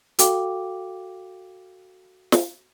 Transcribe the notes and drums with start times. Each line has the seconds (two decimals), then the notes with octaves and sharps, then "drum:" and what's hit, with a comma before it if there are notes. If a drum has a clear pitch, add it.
0.19 F#4 A4 F5 G5 D6, drum: hi-hat
2.32 drum: snare